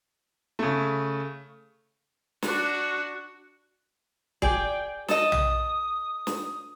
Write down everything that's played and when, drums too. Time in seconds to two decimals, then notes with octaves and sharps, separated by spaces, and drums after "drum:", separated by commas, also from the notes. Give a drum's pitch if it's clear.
0.59 C#3 A3
2.42 D4 F#4, drum: snare
4.42 G#4 D5 G5, drum: kick
5.08 A4 D#5 D#6, drum: snare
5.32 drum: tom
6.27 drum: snare